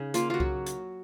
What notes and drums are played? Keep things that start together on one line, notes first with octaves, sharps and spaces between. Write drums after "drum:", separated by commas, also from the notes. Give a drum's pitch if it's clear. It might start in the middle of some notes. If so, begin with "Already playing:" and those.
Already playing: C#3 D#4
A#3 F4, drum: hi-hat
F4 F#4
F#3, drum: kick C2
drum: hi-hat